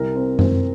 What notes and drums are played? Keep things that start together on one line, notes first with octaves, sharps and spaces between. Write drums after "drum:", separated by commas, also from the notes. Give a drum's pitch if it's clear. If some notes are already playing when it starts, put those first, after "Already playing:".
Already playing: C2 A#4
C4
C4, drum: tom F#2